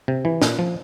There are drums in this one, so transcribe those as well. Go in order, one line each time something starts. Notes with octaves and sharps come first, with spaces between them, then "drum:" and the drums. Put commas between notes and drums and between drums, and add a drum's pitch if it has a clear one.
C3
E3
A#2, drum: snare
F3